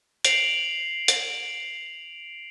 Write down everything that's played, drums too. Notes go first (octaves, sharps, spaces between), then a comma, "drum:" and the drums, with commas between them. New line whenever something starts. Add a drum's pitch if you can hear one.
C7 D7 F7 F#7, drum: hi-hat
drum: hi-hat